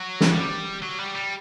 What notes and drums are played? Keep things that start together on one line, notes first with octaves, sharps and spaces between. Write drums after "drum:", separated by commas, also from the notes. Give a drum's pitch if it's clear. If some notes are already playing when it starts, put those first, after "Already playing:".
Already playing: F#3
drum: snare
G3
F#3
G3
G3